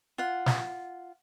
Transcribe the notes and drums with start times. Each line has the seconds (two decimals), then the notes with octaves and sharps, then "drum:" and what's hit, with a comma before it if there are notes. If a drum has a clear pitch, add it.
0.18 F4 F#5
0.46 drum: snare